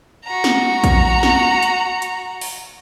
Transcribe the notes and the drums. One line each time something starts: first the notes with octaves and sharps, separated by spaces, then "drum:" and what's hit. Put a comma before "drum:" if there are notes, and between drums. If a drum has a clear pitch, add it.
F#4 A#5
drum: snare
drum: kick, hi-hat
drum: snare
drum: hi-hat
drum: hi-hat
drum: open hi-hat